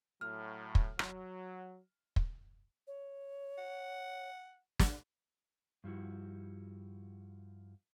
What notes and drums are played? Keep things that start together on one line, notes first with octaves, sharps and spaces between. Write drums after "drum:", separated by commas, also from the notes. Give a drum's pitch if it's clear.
A2 F#3 F6
drum: kick
F#3, drum: rim click
drum: kick
C#5
F#5
drum: snare
G2 F3 G3 E4 F#4